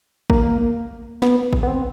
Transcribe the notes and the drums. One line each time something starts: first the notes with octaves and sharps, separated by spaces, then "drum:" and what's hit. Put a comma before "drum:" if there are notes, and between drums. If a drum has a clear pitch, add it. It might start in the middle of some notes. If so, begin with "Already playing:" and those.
A#3, drum: kick
B3, drum: snare
drum: kick
B3
C4